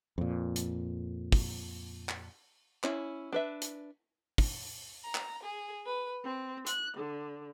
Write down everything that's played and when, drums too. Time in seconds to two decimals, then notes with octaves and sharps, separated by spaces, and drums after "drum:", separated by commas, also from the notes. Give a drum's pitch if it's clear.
0.18 F2 A#2
0.56 drum: hi-hat
1.32 drum: kick, open hi-hat
2.09 drum: clap
2.84 C#4 E4, drum: clap
3.33 D4 B4 E5
3.62 drum: hi-hat
4.38 drum: kick, open hi-hat
5.04 A#5
5.15 drum: clap
5.42 G#4
5.85 B4
6.23 C4
6.67 F#6, drum: hi-hat
6.97 D3